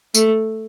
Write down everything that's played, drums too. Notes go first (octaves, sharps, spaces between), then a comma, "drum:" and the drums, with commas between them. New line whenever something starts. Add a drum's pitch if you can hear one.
A3, drum: tambourine